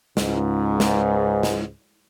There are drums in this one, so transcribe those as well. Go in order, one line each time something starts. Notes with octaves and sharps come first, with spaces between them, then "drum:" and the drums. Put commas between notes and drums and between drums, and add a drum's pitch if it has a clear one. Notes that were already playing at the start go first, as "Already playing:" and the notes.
C#2 G#2, drum: snare
drum: snare
drum: snare